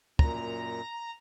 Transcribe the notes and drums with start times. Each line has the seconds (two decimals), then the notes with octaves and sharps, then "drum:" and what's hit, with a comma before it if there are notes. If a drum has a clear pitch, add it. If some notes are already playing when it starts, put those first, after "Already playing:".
0.19 F#2 A#2 A#5, drum: kick